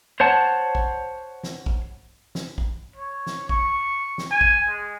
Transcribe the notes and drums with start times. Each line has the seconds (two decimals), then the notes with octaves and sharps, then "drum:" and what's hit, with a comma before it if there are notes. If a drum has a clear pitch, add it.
0.20 C5 C#5 F#5 A5
0.75 drum: kick
1.43 drum: snare
1.66 drum: kick
2.35 drum: snare
2.58 drum: kick
2.96 C#5
3.27 drum: snare
3.49 C#6, drum: kick
4.18 drum: snare
4.31 G#5
4.41 drum: kick
4.68 G#3